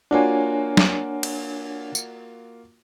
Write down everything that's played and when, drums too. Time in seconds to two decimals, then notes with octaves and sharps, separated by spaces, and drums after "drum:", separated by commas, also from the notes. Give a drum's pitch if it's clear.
0.11 A#3 D4 F4 F#4 C#5 G#5
0.77 drum: snare
1.23 drum: cymbal
1.95 drum: tambourine